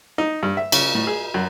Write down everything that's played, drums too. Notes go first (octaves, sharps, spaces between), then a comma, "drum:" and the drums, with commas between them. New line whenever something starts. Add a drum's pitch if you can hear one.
D#4
G2
E5
C#3, drum: cymbal
A2
G#4
F#2